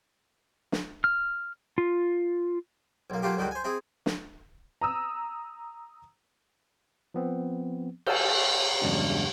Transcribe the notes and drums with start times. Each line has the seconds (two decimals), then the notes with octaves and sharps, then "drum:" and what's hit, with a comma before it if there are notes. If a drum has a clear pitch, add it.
0.72 drum: snare
1.04 F6
1.78 F4
3.10 B1 A#3
3.22 F#3 A3 A#3 F4 G4
3.37 C#2 D3 D#3 G3 F#4
3.51 C5 G#5
3.64 C4 E4 G#4
4.06 drum: snare
4.81 A#5 D#6 E6
7.14 F3 B3 C4
8.06 G#5 A5 E6 F6 G6, drum: cymbal
8.81 E2 G2 C#3 F#3 G#3 D4